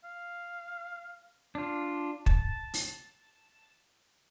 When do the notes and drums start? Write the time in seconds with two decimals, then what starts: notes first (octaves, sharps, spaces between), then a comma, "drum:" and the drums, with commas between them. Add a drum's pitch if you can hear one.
0.04 F5
1.55 D4 F4
2.26 A5, drum: kick
2.74 drum: open hi-hat